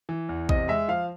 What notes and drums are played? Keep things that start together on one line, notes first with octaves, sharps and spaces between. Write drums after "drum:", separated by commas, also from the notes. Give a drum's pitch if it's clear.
E3
E2
C3 D#5, drum: kick A1
G#3 E5
F3 F5